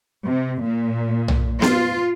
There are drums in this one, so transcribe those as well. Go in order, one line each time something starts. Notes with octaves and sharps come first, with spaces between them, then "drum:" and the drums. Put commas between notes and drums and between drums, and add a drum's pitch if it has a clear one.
C3
A#2
drum: tom B1
F4, drum: snare B3